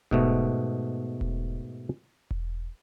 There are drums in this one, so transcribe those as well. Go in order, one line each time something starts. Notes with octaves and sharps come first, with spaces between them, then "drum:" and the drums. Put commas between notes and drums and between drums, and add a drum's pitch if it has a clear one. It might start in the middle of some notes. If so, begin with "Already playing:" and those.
G#2 B2 A3, drum: kick E1
drum: kick E1
drum: kick E1